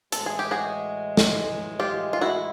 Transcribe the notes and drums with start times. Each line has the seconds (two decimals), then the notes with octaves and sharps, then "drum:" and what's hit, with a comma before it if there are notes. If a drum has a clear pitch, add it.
0.12 A2 E3 G#3 A4, drum: hi-hat
0.26 G#4
0.39 G4
0.51 F#4 G#4
1.17 drum: snare
1.80 F4 G4
2.13 F4
2.21 E4 F#4